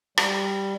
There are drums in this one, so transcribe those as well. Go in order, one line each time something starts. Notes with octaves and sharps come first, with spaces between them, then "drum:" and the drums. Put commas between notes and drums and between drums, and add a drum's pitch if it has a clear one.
G3, drum: rim click